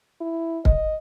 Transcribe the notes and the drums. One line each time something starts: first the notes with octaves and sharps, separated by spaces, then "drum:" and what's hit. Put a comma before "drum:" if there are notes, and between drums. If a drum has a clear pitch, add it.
E4
D#5, drum: kick